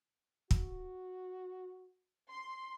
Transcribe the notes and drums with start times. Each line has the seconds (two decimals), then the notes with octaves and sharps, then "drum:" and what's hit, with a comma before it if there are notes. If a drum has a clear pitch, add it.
0.51 F#4, drum: kick
2.30 C6